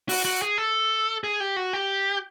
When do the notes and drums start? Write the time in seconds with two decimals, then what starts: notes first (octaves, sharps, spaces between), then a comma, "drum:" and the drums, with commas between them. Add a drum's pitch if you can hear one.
0.09 F#4, drum: open hi-hat
0.25 F#4
0.42 G#4
0.58 A4
1.24 G#4
1.40 G4
1.56 F#4
1.73 G4